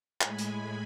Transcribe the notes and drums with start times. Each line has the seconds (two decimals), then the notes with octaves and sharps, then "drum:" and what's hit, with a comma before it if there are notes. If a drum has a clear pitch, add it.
0.21 A2 G#3 G#5 B5, drum: clap
0.38 drum: hi-hat